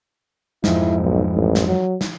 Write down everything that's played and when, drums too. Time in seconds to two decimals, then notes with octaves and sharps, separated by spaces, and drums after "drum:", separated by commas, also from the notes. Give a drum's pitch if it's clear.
0.64 F2 G#2 E4, drum: snare
1.01 B1
1.34 A1
1.55 drum: snare
1.67 F#3
2.01 drum: snare